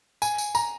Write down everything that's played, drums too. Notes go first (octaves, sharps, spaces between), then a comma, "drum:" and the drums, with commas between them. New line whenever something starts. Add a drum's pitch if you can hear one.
G#5, drum: tambourine
drum: tambourine
A#5, drum: tambourine